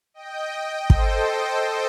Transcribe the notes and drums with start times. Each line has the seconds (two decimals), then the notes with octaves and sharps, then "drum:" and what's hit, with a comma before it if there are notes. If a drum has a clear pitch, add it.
0.14 D#5 G5
0.90 A4 C5, drum: kick